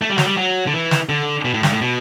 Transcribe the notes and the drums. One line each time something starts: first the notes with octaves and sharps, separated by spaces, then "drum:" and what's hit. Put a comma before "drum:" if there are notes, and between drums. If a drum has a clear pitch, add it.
A3
G3
F#3, drum: snare
G3
F#3
D3
E3
drum: snare
D3
B2
A2
G2, drum: snare
A2
B2